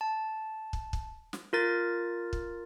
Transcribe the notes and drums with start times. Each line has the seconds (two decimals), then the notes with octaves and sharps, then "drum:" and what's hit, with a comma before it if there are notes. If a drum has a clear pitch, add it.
0.01 A5
0.73 drum: kick
0.93 drum: kick
1.33 drum: snare
1.53 F4 A#4 A6
2.33 drum: kick